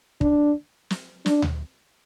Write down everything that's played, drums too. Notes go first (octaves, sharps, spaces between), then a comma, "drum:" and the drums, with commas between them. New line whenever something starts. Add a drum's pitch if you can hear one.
D4, drum: kick
drum: snare
D4, drum: snare
drum: tom D2